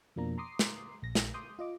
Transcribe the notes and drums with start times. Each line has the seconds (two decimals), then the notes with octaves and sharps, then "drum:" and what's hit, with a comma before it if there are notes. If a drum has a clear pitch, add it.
0.16 F2 B2 F3 A#3 D4 A#5
0.38 A#5 C6 D6 D#6 C7
0.59 drum: snare
1.02 A#1 A#6
1.15 drum: snare
1.34 C6 D6 D#6 G6
1.59 F4 D#5 D6